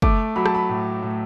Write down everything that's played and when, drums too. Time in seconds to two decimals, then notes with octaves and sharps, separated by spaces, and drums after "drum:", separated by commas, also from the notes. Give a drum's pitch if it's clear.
0.02 A3 D6, drum: kick
0.36 F#3 B5
0.46 A5, drum: rim click
0.55 B5
0.69 A2
1.02 A2